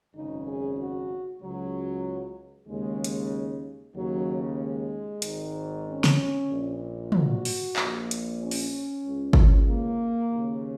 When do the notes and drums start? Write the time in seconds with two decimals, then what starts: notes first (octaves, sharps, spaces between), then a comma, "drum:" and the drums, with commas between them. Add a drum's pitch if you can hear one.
0.14 G#1 F#2 C#3 D#4
0.46 G#4
0.78 F#4
1.41 C#2 C#3 F#3
2.68 D#2 C#3 G#3
3.04 drum: hi-hat
3.94 D#2 C#3 F#3
4.59 G#3
5.22 G#1 G#2 D#3, drum: hi-hat
5.86 C#4
6.04 drum: snare
6.49 A#1 A#2
7.12 F#4, drum: tom
7.45 drum: open hi-hat
7.76 A#1 A#2, drum: clap
8.11 drum: hi-hat
8.40 C#4
8.51 drum: open hi-hat
9.03 C#2 C#3
9.33 drum: kick
9.67 A#3
10.30 D#2 C#3